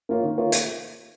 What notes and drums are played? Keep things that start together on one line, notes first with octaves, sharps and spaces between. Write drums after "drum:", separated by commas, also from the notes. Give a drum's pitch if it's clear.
A#3 F4 A#4 C#5
D#3
A#3 F4 A#4 C#5
drum: hi-hat